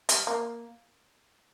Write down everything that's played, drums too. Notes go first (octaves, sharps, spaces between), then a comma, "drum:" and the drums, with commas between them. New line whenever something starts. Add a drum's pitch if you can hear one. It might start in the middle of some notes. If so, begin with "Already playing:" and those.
G3, drum: hi-hat
A#3